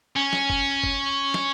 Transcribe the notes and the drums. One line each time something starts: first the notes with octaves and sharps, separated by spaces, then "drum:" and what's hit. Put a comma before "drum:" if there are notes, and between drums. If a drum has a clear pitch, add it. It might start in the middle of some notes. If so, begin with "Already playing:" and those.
C#4
drum: snare
drum: kick
drum: kick
drum: snare